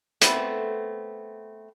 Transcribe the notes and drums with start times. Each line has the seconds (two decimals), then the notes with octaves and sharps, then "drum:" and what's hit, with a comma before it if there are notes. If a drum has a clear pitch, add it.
0.21 A3 B3 C4, drum: hi-hat